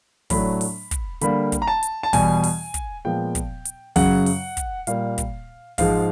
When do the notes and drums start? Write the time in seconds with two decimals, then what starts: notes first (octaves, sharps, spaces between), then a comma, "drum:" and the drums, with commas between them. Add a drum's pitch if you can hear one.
0.30 A2 F#3 A3 D4 B5, drum: kick, open hi-hat
0.61 drum: open hi-hat
0.91 drum: kick, hi-hat
1.21 D3 G3 A#3 B5, drum: hi-hat
1.52 drum: kick, hi-hat
1.62 A#5
1.68 A5
1.83 drum: hi-hat
2.03 A5
2.13 E2 B2 G3 G#5, drum: kick, open hi-hat
2.44 drum: open hi-hat
2.74 drum: kick, hi-hat
3.05 A#2 F3 G#3 B3 G5
3.35 drum: kick, hi-hat
3.65 drum: hi-hat
3.96 F#2 C#3 F#3 F#5, drum: kick, open hi-hat
4.26 drum: open hi-hat
4.57 drum: kick, hi-hat
4.87 A#2 G3 A#3 F5, drum: hi-hat
5.18 drum: kick, hi-hat
5.78 G#2 F3 G#3 F5, drum: kick, open hi-hat